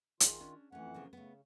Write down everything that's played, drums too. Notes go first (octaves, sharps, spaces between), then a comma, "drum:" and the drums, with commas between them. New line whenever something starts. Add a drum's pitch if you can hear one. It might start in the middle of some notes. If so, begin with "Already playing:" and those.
D#3 D#4 F4 G#4, drum: hi-hat
C#4 D4
F2 E3 A3 C#4 F#5
C#3 F3 A#3
C#3 A3 B3